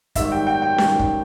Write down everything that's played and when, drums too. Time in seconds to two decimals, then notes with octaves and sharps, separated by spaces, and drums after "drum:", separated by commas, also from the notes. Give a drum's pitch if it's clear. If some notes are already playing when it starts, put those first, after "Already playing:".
0.15 G#2 D#3 G3 E5, drum: kick, hi-hat
0.32 G5
0.47 G5
0.62 G5
0.78 G#2 D#3 G3, drum: snare C#4
0.99 drum: kick